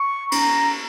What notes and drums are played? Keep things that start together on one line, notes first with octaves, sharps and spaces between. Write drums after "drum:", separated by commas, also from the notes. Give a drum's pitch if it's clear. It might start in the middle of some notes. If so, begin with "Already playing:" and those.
Already playing: C#6
A#5, drum: cymbal